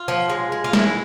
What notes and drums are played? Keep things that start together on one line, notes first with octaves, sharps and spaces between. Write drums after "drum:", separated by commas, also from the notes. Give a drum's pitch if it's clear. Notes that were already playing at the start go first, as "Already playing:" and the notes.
Already playing: F4
F3
G#3
G#3
F4
G#3 E4, drum: snare